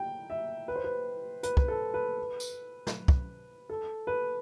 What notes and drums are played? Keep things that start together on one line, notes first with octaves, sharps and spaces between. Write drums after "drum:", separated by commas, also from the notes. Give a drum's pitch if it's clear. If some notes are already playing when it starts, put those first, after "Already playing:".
Already playing: G5
E5
B4
C5
B4
B4, drum: hi-hat
B4, drum: kick
A4
B4
drum: tambourine
drum: snare
drum: kick
A4
B4